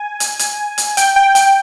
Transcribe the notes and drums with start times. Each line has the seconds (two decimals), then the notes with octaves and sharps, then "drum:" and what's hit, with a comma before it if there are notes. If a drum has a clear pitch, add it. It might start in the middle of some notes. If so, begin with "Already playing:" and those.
Already playing: G#5
0.20 drum: hi-hat
0.39 drum: hi-hat
0.78 drum: hi-hat
0.97 G5, drum: hi-hat
1.16 G5
1.35 G5, drum: hi-hat